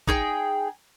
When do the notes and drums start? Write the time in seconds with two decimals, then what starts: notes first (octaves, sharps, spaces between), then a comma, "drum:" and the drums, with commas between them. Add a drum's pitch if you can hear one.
0.07 D#4 G#4 G5, drum: kick